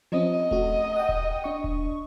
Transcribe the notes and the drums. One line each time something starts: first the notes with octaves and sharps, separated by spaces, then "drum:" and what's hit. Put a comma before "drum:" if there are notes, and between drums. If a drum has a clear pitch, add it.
F3 C4 C#4 D#5
A3 F#4, drum: kick D#1
F#5 G5
drum: kick D#1
D4 C#6
drum: kick D#1